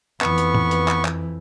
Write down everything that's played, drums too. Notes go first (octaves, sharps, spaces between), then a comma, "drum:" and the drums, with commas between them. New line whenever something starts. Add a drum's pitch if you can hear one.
F2 E3 B3 C#6, drum: clap
drum: hi-hat
drum: tom
drum: hi-hat
drum: clap
drum: clap